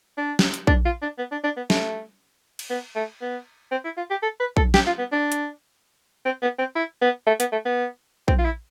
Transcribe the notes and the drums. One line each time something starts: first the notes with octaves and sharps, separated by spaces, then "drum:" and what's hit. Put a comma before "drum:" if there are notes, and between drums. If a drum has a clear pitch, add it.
D4
drum: snare
drum: hi-hat
D4, drum: kick A#1
F4
D4
B3
D4
D4
B3
A3, drum: snare
drum: cymbal
B3
A3
B3
C4
E4
F4
G4
A4
B4
A4, drum: kick A#1
G4, drum: snare
F4
B3
D4
drum: hi-hat
C4
B3
C4
E4
B3
A3
B3, drum: hi-hat
A3
B3
C4, drum: kick A#1
F4
E4